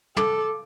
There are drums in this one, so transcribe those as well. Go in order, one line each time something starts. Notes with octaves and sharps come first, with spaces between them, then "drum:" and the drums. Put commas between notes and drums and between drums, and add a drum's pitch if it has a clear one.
A4 D6, drum: tom